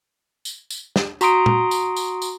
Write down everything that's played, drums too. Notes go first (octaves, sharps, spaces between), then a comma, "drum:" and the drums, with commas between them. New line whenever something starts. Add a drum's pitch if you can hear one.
drum: tambourine
drum: tambourine
drum: snare
F#4 A#5 C6 D#6 D7, drum: tambourine
drum: tom A#2
drum: tambourine
drum: tambourine
drum: tambourine